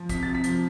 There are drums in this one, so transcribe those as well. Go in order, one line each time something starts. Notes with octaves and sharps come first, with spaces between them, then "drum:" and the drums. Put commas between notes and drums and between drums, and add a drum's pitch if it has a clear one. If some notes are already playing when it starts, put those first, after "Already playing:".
Already playing: F3
C3 B6, drum: kick A1, hi-hat
C3 A6
B6
F3, drum: hi-hat